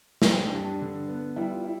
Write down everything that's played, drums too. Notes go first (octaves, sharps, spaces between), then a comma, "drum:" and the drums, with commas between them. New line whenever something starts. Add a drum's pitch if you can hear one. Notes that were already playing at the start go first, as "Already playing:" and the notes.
B4, drum: snare
G3 C5
D4
G2
D4
D3
B3
G3 E4
F4
E4